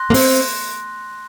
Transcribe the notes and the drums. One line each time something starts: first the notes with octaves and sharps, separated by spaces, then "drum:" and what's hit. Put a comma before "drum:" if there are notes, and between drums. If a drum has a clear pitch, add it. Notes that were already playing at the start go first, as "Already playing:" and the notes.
Already playing: C6 F#6 A#6
A#3
C4, drum: open hi-hat